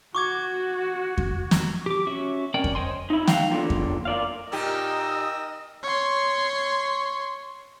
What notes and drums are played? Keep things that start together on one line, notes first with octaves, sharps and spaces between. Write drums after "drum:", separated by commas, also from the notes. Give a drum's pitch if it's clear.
F#4 C#6 D6 G#6
drum: kick F2
drum: snare
G4 D6
C#4 F#4 E5
C#4 A#4 D5 G5
drum: kick F2
C5 C#5 D#5 G#5 C6
D#4 E4
F5 G5, drum: snare
E2 A#2 D3
drum: kick F2
A#4 D5 F5
A#2 D#4 G4 A#4 D#5 G5 E6
C#5 C6